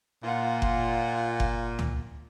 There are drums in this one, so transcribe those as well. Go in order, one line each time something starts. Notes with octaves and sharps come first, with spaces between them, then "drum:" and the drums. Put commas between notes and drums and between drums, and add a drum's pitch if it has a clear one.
A#2 F4 F#5
drum: kick F#1
drum: kick F#1
drum: tom